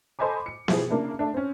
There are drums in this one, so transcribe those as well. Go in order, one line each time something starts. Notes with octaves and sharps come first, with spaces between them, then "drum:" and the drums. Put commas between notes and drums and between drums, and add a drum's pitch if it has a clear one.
A4 C5 D#5 G#5 B5 D6
C#7
B2 E3 F3 G3 E4 G#4, drum: snare B3
C#3 A#3 D4 E4
A3 D4
C4 C#4